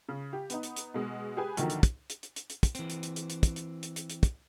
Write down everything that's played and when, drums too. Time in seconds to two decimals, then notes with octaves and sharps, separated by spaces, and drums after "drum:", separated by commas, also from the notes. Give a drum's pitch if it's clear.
0.09 C#3
0.33 G4
0.50 B3 D#4, drum: hi-hat
0.63 drum: hi-hat
0.76 drum: hi-hat
0.94 B2 G#3
1.37 G4 G#4 B4 G#5
1.57 A#1 D3 D#3 F#3, drum: hi-hat
1.70 drum: hi-hat
1.83 drum: kick, hi-hat
2.10 drum: hi-hat
2.23 drum: hi-hat
2.36 drum: hi-hat
2.50 drum: hi-hat
2.63 drum: kick, hi-hat
2.75 E3 C4, drum: hi-hat
2.90 drum: hi-hat
3.03 drum: hi-hat
3.16 drum: hi-hat
3.30 drum: hi-hat
3.43 drum: kick, hi-hat
3.56 drum: hi-hat
3.83 drum: hi-hat
3.96 drum: hi-hat
4.10 drum: hi-hat
4.23 drum: kick, hi-hat